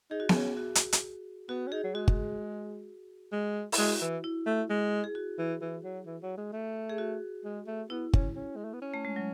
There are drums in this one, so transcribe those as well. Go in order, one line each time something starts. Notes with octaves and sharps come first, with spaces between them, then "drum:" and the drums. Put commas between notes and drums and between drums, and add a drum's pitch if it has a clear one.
D#4 G#4
F#4
G#4, drum: snare B3
C#4
F#4
drum: hi-hat
drum: hi-hat
B3 F#4
C#4
D#4 G#4
F#3
G#3 F#4
drum: kick G1
G#3
E4, drum: open hi-hat
G#3 F#4
E3
E4
A3
G#3
G#4
F#4
E3
E3
F#3
E3
F#3
G#3
A3
G#4
F#4
G#3
A3
B3 E4
C#4, drum: kick G1
C#4
G#3
A3
B3
C#4
A3
G#3
F#3